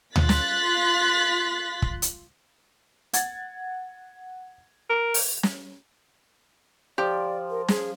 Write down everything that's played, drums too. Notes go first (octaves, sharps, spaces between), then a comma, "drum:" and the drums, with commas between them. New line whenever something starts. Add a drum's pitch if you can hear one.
F4 C6 F#6 A6 B6, drum: tom D2
drum: snare
drum: kick
drum: hi-hat
F#5 G#6 A6, drum: hi-hat
A#4
drum: open hi-hat
drum: snare
F3 G4 D5
A#4
G#4, drum: snare